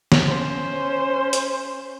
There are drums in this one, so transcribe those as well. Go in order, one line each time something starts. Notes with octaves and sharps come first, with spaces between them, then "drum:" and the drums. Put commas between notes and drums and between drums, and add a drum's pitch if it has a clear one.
drum: snare
C#4 C5
drum: hi-hat